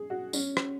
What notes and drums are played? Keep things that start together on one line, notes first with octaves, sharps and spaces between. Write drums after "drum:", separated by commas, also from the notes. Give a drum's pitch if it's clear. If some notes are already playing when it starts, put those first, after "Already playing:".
Already playing: G#4
F#4
C#4, drum: tambourine
drum: rim click